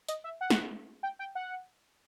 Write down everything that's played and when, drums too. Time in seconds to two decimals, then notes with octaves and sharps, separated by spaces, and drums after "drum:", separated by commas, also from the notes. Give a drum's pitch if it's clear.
0.09 D#5, drum: hi-hat
0.24 E5
0.41 F#5
0.50 drum: snare
1.03 G5
1.19 G5
1.35 F#5